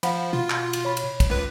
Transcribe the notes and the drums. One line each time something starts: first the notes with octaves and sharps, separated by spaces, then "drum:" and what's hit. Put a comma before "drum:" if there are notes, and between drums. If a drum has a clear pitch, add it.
F3 F5 F#5 B5, drum: cymbal
B2 F4
drum: clap
drum: cymbal
C#5 B5
drum: cymbal
drum: kick, cymbal
C#2 B4